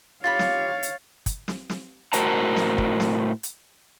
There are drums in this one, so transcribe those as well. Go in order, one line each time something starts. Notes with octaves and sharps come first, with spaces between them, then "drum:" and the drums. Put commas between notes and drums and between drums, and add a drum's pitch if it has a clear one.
F4 G4 C#5 F5 B5 A6
drum: snare
drum: hi-hat
drum: kick, hi-hat
drum: snare
drum: snare
A2 F#4 A#4 C5 A5 A#5, drum: hi-hat
drum: snare
drum: kick
drum: snare
drum: hi-hat